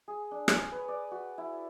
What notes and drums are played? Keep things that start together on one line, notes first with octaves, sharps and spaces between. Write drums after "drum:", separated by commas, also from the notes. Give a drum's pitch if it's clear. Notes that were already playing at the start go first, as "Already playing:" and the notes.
G#4
D4
C#5, drum: rim click
B4
D5
F#4
E4